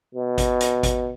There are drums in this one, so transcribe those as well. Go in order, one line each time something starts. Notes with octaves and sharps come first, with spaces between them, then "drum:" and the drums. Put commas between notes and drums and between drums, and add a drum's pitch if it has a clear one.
B2
drum: kick G#1, hi-hat
drum: hi-hat
drum: kick G#1, hi-hat